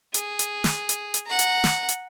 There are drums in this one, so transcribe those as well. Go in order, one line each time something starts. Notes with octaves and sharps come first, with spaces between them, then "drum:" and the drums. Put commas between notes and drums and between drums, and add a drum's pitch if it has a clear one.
G#4, drum: hi-hat
drum: hi-hat
drum: snare
drum: hi-hat
drum: hi-hat
F#5 A#5
drum: hi-hat
drum: snare
drum: hi-hat